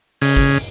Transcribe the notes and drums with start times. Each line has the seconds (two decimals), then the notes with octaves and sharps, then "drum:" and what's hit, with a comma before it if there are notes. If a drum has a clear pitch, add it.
0.22 C#3, drum: open hi-hat
0.37 drum: kick G1